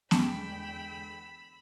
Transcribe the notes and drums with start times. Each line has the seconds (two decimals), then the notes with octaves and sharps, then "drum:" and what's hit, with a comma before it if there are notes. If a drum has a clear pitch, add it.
0.11 E2 D3 G#3 G5 B5 E6, drum: snare B3